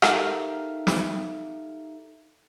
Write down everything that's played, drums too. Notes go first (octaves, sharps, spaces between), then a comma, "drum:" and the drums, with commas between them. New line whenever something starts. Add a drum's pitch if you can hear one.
D#4 G4 A4 A#4 E5 F5, drum: rim click
drum: snare